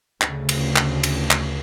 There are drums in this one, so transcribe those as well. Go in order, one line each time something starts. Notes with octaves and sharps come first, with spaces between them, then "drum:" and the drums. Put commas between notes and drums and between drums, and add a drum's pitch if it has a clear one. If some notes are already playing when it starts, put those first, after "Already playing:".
D2 C#3, drum: clap
drum: cymbal
drum: clap
drum: cymbal
drum: clap